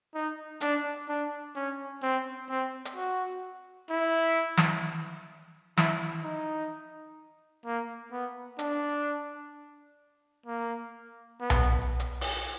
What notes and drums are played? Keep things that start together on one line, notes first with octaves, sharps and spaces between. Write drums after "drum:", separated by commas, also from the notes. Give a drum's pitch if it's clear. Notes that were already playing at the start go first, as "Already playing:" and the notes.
D#4
D4, drum: hi-hat
D4
C#4
C4
C4
drum: hi-hat
F#4
E4
drum: snare
E4, drum: snare
D#4
A#3
B3
D4, drum: hi-hat
A#3
B3
drum: tom B1
drum: hi-hat
drum: open hi-hat